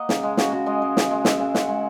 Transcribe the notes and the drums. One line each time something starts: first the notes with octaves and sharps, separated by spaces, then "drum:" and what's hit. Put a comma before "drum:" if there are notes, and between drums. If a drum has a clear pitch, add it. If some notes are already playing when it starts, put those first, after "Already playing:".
Already playing: A#3 D#5 F#5
C#3, drum: snare
G#3
C#3 F#4, drum: snare
C#3 F#4
G#3 D#5
G#3
C#3, drum: snare
G#3
G#3 E5, drum: snare
C#3 G#5
C#3 F#5, drum: snare
G#3